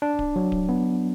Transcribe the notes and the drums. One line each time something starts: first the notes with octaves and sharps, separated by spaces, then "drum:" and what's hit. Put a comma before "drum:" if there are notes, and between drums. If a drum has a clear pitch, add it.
D4
drum: kick D1
F#3
drum: kick D1
B3